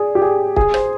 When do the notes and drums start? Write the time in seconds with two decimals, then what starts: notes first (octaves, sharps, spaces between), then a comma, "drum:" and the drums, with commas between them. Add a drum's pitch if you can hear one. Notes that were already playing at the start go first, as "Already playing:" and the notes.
Already playing: G#4 D5
0.15 G4
0.22 G#4
0.56 G#4, drum: kick C#1
0.74 C5, drum: rim click